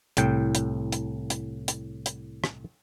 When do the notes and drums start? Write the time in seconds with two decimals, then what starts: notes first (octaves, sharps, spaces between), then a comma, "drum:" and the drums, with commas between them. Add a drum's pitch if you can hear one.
0.17 C2 A2 G5, drum: hi-hat
0.55 drum: hi-hat
0.92 drum: hi-hat
1.30 drum: hi-hat
1.68 drum: hi-hat
2.06 drum: hi-hat
2.44 drum: rim click